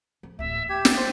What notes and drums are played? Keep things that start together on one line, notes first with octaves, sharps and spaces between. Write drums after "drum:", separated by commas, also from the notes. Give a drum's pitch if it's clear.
F3
D1 A1 E5
A#3 E4
G4 G#6
C4 D4 A6, drum: snare
C5